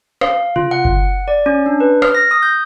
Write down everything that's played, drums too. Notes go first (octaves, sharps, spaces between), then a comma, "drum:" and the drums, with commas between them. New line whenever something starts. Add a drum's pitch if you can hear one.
F5, drum: rim click
F4, drum: tom C3
F#5
drum: kick G1
D5
C#4
D4
B4
F6, drum: rim click
A#6
D#6
G6